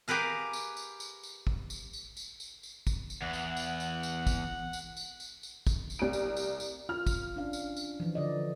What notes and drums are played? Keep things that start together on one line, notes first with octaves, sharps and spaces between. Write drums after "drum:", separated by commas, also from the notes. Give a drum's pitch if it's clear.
G4 G#4 A#4 B4 F5
drum: tambourine
drum: tambourine
drum: tambourine
drum: tambourine
drum: kick
drum: tambourine
drum: tambourine
drum: tambourine
drum: tambourine
drum: tambourine
drum: kick, tambourine
drum: tambourine
E2 F#5
drum: tambourine
drum: tambourine
drum: tambourine
drum: tambourine
drum: kick, tambourine
drum: tambourine
drum: tambourine
drum: tambourine
drum: tambourine
drum: kick, tambourine
drum: tambourine
C2 D7
drum: tambourine
drum: tambourine
drum: tambourine
F4 F6
drum: kick, tambourine
C#4 D4 F5
drum: tambourine
drum: tambourine
E3 F3
D3 D5 D#5